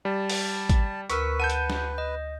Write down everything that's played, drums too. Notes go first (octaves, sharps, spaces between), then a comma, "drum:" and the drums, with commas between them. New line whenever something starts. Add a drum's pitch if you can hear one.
G3 A5
drum: open hi-hat
drum: kick, hi-hat
D2 A#4 B4 C#6 E6 B6, drum: hi-hat
F#5 A5 G6 D#7
drum: hi-hat
drum: snare
D#5